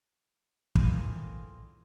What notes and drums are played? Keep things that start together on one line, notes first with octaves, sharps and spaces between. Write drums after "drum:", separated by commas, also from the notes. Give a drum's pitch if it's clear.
D3 E3 A#3 C4 F4 G#4, drum: kick